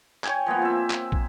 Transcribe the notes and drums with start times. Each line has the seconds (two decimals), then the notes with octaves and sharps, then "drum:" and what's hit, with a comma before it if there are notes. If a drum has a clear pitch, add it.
0.24 C#5 G5 G#5, drum: clap
0.46 F3 G#3 A#3 B3
0.62 C4 E5
0.90 drum: clap
1.12 drum: kick